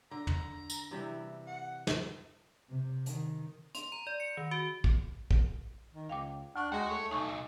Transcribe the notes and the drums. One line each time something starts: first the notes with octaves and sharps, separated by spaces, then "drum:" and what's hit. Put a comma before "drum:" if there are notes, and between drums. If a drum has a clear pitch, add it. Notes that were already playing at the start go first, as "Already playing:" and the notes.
D3 A#5
drum: tom
drum: tambourine
C3 E3 G3 E4
F#5
drum: snare
C3
D#3, drum: hi-hat
C6, drum: hi-hat
A#5
D5
C#7
D#3
F#4
drum: kick
drum: kick
D#3
C#2 F5 G5 D6
D2 D4 C#6 F#6
D#2 G#3 F#4 F#5
A3 C#5
B1 D#4 G#5 C#6